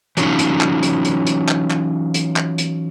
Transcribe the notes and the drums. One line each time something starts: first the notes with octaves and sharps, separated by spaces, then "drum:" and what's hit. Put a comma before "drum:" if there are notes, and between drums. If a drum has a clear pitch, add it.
E3 F#3 C#4 D#4 F4, drum: hi-hat
drum: hi-hat
drum: clap
drum: hi-hat
drum: hi-hat
drum: hi-hat
drum: clap
drum: clap
drum: hi-hat
drum: clap
drum: hi-hat